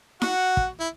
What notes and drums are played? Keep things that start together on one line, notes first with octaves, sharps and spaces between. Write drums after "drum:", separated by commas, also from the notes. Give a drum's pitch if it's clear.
F#4 F#5, drum: snare E4
drum: kick
E4